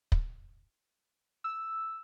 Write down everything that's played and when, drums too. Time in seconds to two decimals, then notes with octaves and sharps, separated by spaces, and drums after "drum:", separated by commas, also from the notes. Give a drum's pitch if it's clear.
0.12 drum: kick
1.44 E6